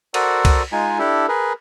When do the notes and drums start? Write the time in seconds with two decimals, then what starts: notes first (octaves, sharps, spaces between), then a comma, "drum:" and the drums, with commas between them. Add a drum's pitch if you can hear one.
0.14 F#4 A4 A#4 C5 D5 F#5, drum: cymbal
0.45 drum: kick C2, cymbal
0.72 G#3 D#4 F4 G#5
0.99 D4 E4 G4 A4
1.29 G#4 A#4 B4